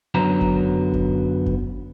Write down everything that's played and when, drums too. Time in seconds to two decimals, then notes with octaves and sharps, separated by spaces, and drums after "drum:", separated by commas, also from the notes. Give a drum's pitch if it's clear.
0.15 F#2 D3 F#3 B3 A#5
0.41 drum: kick F#1
0.94 drum: kick F#1
1.46 drum: kick F#1